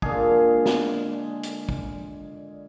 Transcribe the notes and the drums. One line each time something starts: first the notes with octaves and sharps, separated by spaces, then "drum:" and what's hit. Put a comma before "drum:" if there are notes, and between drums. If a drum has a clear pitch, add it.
A#2 D3 G#3 G#4, drum: kick
drum: snare
drum: hi-hat
drum: kick